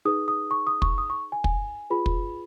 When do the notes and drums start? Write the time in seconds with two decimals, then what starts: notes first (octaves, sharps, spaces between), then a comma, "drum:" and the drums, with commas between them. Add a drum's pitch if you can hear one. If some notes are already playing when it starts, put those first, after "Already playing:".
0.05 D#4 G#4 B4 D#6
0.28 D#6
0.51 C#6
0.67 D#6
0.82 C#6, drum: kick
0.98 D#6
1.10 C#6
1.32 G#5
1.44 G#5, drum: kick
1.90 F4 G#4 B4 B5
2.06 drum: kick